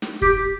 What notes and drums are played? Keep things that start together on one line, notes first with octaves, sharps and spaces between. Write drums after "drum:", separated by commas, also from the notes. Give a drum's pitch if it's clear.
drum: snare
G4, drum: kick